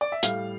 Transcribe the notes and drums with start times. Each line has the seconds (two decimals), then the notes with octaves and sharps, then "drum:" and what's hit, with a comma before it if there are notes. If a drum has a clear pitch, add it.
0.01 D5
0.12 E5
0.23 A2 G3 F5, drum: hi-hat